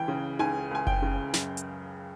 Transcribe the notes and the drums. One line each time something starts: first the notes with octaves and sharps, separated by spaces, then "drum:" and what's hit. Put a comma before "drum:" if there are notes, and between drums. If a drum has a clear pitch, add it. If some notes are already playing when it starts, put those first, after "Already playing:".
Already playing: C#2 E3 G5
C#3
C#2 G#5, drum: tom D#4
C#2 G#5
G5, drum: kick F#1
C#3
F#2, drum: snare
drum: hi-hat